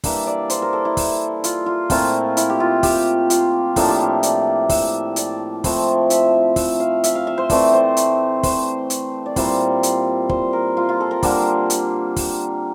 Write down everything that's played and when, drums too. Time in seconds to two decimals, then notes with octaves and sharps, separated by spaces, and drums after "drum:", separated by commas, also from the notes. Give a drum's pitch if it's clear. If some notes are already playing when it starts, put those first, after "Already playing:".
0.04 E3 G3 A#3 D4 E5, drum: kick, open hi-hat
0.27 D5
0.50 C5, drum: hi-hat
0.62 A#4
0.73 A4
0.85 E4
0.97 drum: kick, open hi-hat
1.44 F4, drum: hi-hat
1.66 F4
1.90 A#2 A3 C4 E4 F4, drum: kick, open hi-hat
2.37 E4, drum: hi-hat
2.50 G4
2.60 F4
2.83 G4, drum: kick, open hi-hat
3.30 F4, drum: hi-hat
3.76 A2 F3 A#3 D4 A4, drum: kick, open hi-hat
3.89 G4
4.00 E4
4.23 D5, drum: hi-hat
4.69 E5, drum: kick, open hi-hat
5.16 D5, drum: hi-hat
5.64 F3 A3 C4 E4, drum: kick, open hi-hat
6.10 E5, drum: hi-hat
6.56 E5, drum: kick, open hi-hat
6.80 F5
7.04 E5, drum: hi-hat
7.15 F5
7.27 E5
7.38 C5
7.50 E3 A3 C4 D5, drum: kick, open hi-hat
7.73 C5
7.97 drum: hi-hat
8.43 C5, drum: kick, open hi-hat
8.90 drum: hi-hat
9.26 D5
9.36 A#2 G3 C4 E4 C5, drum: kick, open hi-hat
9.83 drum: hi-hat
10.29 C5, drum: kick
10.53 A#4
10.77 F4
10.89 F4
11.00 A4
11.11 A#4
11.23 D3 G3 A#3 D4 C5, drum: kick, open hi-hat
11.70 drum: hi-hat
12.16 drum: kick, open hi-hat